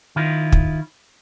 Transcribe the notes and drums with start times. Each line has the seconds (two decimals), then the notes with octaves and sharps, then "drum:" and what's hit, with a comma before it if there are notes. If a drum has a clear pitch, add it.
0.16 D#3 E4 F4
0.52 drum: kick